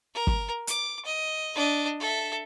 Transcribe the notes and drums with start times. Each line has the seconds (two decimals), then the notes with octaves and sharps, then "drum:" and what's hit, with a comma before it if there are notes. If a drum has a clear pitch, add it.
0.14 A#4
0.27 drum: kick
0.67 D6, drum: hi-hat
1.05 D#5
1.55 D4 D#5
2.00 A4 E5